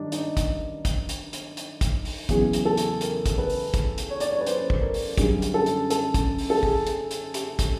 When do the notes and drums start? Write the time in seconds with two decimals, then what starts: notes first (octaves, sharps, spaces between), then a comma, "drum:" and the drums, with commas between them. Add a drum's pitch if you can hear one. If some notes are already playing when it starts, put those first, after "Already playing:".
Already playing: G2 D#3 G3 D4 D#4
0.12 D#4, drum: hi-hat
0.37 drum: kick, hi-hat
0.85 drum: kick, hi-hat
1.09 drum: hi-hat
1.33 drum: hi-hat
1.57 drum: hi-hat
1.81 drum: kick, hi-hat
2.05 drum: open hi-hat
2.29 E2 C#3 F#3 G#4, drum: kick, hi-hat
2.53 drum: hi-hat
2.65 A4
2.77 drum: hi-hat
3.01 A#4, drum: hi-hat
3.26 drum: kick, hi-hat
3.38 B4
3.50 drum: open hi-hat
3.74 drum: kick, hi-hat
3.98 drum: hi-hat
4.10 C#5
4.20 D5, drum: hi-hat
4.31 C#5
4.40 B4
4.46 C5, drum: hi-hat
4.70 drum: kick
4.81 A#4
4.94 drum: open hi-hat
5.18 F#2 D3 G3 G#4, drum: kick, hi-hat
5.42 drum: hi-hat
5.54 A4
5.66 drum: hi-hat
5.90 A4, drum: hi-hat
6.14 drum: kick, hi-hat
6.38 drum: open hi-hat
6.50 A4
6.63 G#4, drum: kick
6.87 drum: hi-hat
7.11 drum: hi-hat
7.34 G4, drum: hi-hat
7.59 drum: kick, hi-hat